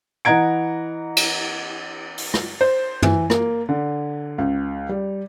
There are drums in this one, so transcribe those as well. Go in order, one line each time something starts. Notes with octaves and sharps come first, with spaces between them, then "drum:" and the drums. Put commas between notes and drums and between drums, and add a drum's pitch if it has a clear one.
E3 D#5 F#5 A#5 G#6 D7
drum: cymbal
drum: open hi-hat
drum: rim click
C5
E3, drum: tom
A#3, drum: rim click
D3
C#2
G3